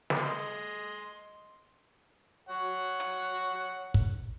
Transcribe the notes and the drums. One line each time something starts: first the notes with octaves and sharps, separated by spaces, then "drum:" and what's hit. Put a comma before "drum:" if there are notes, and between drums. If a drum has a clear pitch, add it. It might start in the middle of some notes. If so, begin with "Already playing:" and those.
drum: snare
D#5 C6
C#5 F#5
drum: hi-hat
drum: kick